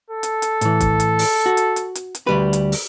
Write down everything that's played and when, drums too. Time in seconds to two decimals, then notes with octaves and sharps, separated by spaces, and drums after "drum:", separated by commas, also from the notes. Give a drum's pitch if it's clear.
0.10 A4
0.23 drum: hi-hat
0.42 drum: hi-hat
0.61 A2 E3, drum: hi-hat
0.80 drum: kick, hi-hat
1.00 drum: hi-hat
1.19 drum: open hi-hat
1.46 F#4
1.57 drum: hi-hat
1.76 drum: hi-hat
1.95 drum: hi-hat
2.15 drum: hi-hat
2.27 D2 G3 B4
2.53 drum: hi-hat
2.72 drum: open hi-hat